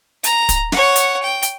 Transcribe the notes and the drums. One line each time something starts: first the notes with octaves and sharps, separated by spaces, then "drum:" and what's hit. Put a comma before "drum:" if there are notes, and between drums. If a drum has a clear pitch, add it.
A#5, drum: hi-hat
drum: kick, hi-hat
C#5 F#5, drum: snare
drum: hi-hat
G5
drum: hi-hat